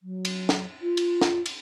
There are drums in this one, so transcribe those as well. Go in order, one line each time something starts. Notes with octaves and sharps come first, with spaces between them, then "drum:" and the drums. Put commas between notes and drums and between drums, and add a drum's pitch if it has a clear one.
F#3
drum: cymbal
drum: snare
F4
drum: cymbal
drum: snare
drum: cymbal